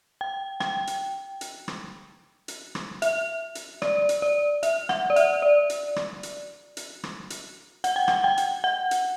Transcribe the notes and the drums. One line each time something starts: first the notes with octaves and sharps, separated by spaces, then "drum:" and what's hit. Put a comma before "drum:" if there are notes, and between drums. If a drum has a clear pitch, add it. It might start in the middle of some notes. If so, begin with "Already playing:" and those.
G5
G5, drum: rim click
drum: hi-hat
drum: hi-hat
drum: rim click
drum: hi-hat
drum: rim click
E5, drum: hi-hat
drum: hi-hat
D5, drum: rim click
drum: hi-hat
D5
E5, drum: hi-hat
F#5, drum: rim click
D5
E5, drum: hi-hat
D5
drum: hi-hat
drum: rim click
drum: hi-hat
drum: hi-hat
drum: rim click
drum: hi-hat
F#5, drum: hi-hat
G5
F#5, drum: rim click
G5
drum: hi-hat
F#5
drum: hi-hat